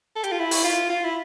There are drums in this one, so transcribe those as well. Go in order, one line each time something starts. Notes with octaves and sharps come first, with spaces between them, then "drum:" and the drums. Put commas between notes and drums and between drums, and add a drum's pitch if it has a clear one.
A4
G4, drum: hi-hat
F4
E4
drum: open hi-hat
F4
F4
E4